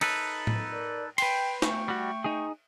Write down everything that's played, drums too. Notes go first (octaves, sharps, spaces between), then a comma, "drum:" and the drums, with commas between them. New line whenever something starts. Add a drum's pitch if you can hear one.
D#4 A4 B4, drum: cymbal
drum: tom A2
A#4 D5
B4 G5 C6, drum: cymbal
A3 G5 C#6, drum: snare
G3 F#4
D#4 G#4